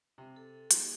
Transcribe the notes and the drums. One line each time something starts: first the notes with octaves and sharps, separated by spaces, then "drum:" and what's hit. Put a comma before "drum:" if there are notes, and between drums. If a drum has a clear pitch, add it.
C3
A4
F#3 A#3 D#4 G#4, drum: hi-hat